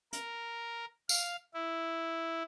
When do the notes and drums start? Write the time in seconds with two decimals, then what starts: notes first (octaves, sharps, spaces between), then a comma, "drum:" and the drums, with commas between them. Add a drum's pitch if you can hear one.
0.13 A#4, drum: hi-hat
1.09 F5, drum: tambourine
1.54 E4